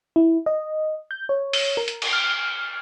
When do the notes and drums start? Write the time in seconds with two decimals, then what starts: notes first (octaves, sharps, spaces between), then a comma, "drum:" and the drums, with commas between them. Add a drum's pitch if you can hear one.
0.16 E4
0.46 D#5
1.11 G6
1.29 C#5
1.53 drum: open hi-hat
1.77 A#4
1.88 drum: hi-hat
2.02 drum: cymbal
2.13 F6